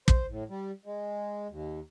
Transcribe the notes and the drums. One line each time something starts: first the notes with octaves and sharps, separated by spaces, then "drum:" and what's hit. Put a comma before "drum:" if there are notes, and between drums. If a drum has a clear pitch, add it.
C5, drum: kick
A2
G3
G#3
D#2